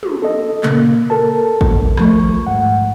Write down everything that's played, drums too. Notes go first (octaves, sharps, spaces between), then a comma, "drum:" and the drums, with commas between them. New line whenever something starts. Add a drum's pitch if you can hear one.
drum: tom
A4 D#5
A#2 C#3 A#3, drum: clap
A4 A#4 A5
drum: kick A1
D#2 F3 A3 C#6, drum: rim click
G#2 F#5